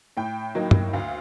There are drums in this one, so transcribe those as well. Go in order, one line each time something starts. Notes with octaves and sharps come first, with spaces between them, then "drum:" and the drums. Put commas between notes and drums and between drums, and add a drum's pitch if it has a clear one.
A2 G5
F#3 A#3 D#4
drum: tom
D2 F5